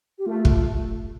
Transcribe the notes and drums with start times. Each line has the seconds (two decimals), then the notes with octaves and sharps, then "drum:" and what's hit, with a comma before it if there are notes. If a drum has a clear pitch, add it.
0.18 G4
0.26 A3 F4
0.45 drum: kick